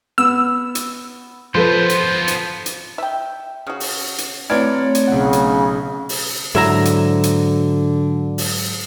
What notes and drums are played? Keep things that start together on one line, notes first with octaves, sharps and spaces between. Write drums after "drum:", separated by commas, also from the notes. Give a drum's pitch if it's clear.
B3 E6
drum: hi-hat
F3 B3 F4 A4 B4 C5
drum: hi-hat
drum: hi-hat
drum: hi-hat
E5 G5
C#3 F#4
drum: open hi-hat
drum: hi-hat
E3 F#3 A3 C4 C#5 D5 F6 G#6
drum: hi-hat
B1 C#3 F#5
drum: hi-hat
drum: open hi-hat
G#2 D3 F#3 E4 E5 A#5
drum: hi-hat
drum: hi-hat
drum: open hi-hat